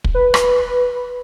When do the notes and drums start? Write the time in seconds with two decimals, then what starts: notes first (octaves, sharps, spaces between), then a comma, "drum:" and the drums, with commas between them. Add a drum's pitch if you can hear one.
0.04 drum: kick
0.14 B4
0.34 drum: rim click